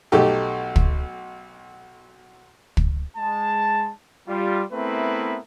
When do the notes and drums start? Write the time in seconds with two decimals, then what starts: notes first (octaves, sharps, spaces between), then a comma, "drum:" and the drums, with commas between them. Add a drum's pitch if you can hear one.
0.12 B1 A3 D#4 G4 A4
0.76 drum: kick
2.77 drum: kick
3.17 G#3 A5
4.28 G3 F4
4.73 A3 B3 C4 E4 A#4 B4